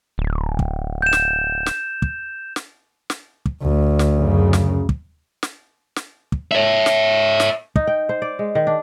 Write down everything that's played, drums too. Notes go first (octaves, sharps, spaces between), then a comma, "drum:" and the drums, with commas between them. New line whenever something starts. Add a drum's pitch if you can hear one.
D1
drum: kick
G6 E7
drum: snare
drum: snare
drum: kick
drum: snare
drum: snare
drum: kick
D2
drum: snare
F#2 C#3
drum: snare
drum: kick
drum: snare
drum: snare
drum: kick
C#5 E5
drum: snare
drum: snare
D#4, drum: kick
G5
C5
D5
G#3
D#3
D4